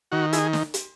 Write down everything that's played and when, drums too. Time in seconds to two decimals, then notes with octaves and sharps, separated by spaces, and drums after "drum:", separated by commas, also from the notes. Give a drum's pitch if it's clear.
0.12 D#3 F#4
0.33 E4 G#4, drum: hi-hat
0.53 drum: snare
0.74 drum: hi-hat